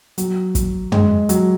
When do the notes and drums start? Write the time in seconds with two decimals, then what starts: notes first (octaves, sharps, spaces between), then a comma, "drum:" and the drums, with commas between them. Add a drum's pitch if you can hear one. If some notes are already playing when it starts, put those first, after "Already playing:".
0.18 F#3, drum: hi-hat
0.55 drum: kick, hi-hat
0.92 G#3, drum: tom
1.29 F#3, drum: hi-hat